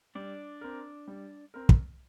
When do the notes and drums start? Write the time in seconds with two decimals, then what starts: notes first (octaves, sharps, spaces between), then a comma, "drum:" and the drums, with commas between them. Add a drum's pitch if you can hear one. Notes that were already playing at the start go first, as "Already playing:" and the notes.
0.15 G3 D4 D5
0.61 C4 A#4
1.08 G3
1.54 C4 A#4
1.69 drum: kick